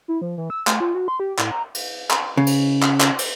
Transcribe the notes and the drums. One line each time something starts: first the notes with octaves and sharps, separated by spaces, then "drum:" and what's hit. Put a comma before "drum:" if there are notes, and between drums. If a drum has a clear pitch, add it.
E4
F3
E3
E6
A3, drum: clap
F4
F#4
C6
G4
A2, drum: clap
A#5
drum: cymbal
drum: clap
C#3
drum: cymbal
drum: clap
drum: clap
drum: cymbal